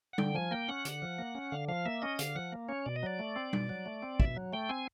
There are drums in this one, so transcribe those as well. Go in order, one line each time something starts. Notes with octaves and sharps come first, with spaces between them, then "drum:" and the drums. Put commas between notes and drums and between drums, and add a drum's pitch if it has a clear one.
F#5
D3 G5, drum: tom G3
F3 G#5
A#3 G5
C#4 F#5
D3, drum: hi-hat
F3
A#3
C#4
D3 F5
F3 F5
A#3 E5
C#4 D#5
D3 F5, drum: hi-hat
F3 F#5
A#3
C#4 C#5
B2 D5
D#5
F#3 D5
A3
C4
B2, drum: tom G3
F#3
A3
C4
B2 E5, drum: kick
F#3
A3 G5
C4 G#5